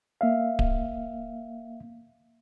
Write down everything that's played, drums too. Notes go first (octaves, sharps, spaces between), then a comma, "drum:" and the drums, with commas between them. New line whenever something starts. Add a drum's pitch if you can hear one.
A#3 E5 F5
drum: kick D1